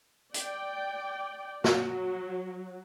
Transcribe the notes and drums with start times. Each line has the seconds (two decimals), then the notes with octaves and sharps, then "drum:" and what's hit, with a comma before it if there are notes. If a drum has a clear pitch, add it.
0.34 D5 G5, drum: hi-hat
1.64 F#3 F#4, drum: snare